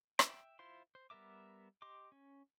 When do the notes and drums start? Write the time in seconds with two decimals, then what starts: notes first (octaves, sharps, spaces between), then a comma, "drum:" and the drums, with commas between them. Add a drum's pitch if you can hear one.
0.19 E5 G5, drum: rim click
0.59 E4 F4 C5 C6
0.95 C5
1.10 G3 B3 A#4 E5 D6
1.82 G4 D#5 C6 D6
2.12 C#4